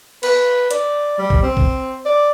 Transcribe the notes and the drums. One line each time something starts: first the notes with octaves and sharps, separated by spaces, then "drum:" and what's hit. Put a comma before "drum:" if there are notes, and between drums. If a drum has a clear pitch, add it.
B4, drum: cymbal
D5, drum: hi-hat
G3
drum: kick
C4
drum: kick
D5